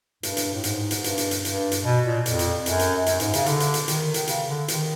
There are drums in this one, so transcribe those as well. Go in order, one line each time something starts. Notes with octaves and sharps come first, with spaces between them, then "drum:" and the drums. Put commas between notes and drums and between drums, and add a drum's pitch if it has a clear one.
G2, drum: hi-hat
drum: hi-hat
A2
G#2, drum: hi-hat
drum: hi-hat
G2, drum: hi-hat
drum: hi-hat
drum: hi-hat
G2, drum: hi-hat
drum: hi-hat
B2
A#2
F2, drum: hi-hat
drum: hi-hat
F#2, drum: hi-hat
drum: hi-hat
F#2, drum: hi-hat
G#2, drum: hi-hat
C#3, drum: hi-hat
D3, drum: hi-hat
drum: hi-hat
drum: hi-hat
D#3, drum: hi-hat
drum: hi-hat
C#3, drum: hi-hat
D3
D#3, drum: hi-hat